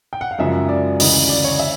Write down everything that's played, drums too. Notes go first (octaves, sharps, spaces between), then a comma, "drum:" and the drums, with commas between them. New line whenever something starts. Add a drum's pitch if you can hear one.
G5
F#5
F5
F#2 C#3 F3 G#3 E5
D5
D2 C#3 E3 D#5, drum: open hi-hat
D5
C#5
E5